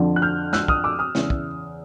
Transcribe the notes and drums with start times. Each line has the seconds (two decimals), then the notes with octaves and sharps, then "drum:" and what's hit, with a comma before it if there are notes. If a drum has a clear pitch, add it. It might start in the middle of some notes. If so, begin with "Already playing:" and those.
Already playing: F2 D3 F3
0.16 F#6
0.22 F6 G6
0.53 E6 F#6, drum: snare
0.68 D#6 F6, drum: kick
0.84 D6 E6
0.99 D#6 F6
1.15 E2 C#3 E3, drum: snare
1.30 drum: kick